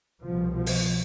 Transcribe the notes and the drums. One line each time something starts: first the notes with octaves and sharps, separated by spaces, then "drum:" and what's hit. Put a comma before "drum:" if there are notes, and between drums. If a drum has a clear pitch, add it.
C2 B2 F3
F3
drum: open hi-hat